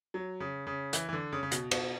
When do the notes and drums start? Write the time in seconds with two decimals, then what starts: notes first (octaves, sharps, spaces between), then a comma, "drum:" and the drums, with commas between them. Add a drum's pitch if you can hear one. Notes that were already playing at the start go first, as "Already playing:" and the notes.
0.14 F#3
0.40 C#3
0.67 C#3
0.93 E3, drum: hi-hat
1.09 E3
1.13 D3
1.32 C#3
1.43 C#3
1.51 B2, drum: hi-hat
1.71 B2, drum: cymbal